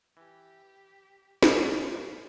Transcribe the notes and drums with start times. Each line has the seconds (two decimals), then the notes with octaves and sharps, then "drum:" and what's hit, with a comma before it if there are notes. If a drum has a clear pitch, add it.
0.17 E3 G4
1.43 drum: snare
1.66 F3 F4
1.91 G3